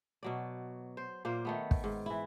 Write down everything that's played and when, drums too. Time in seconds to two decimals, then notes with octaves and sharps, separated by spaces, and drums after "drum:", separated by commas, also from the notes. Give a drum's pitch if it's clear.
0.23 B2 F#3 D5
0.97 C5
1.25 A#2 A#3 C5
1.45 D#3 A3 B3
1.71 drum: kick
1.84 G#2
2.06 E3 E4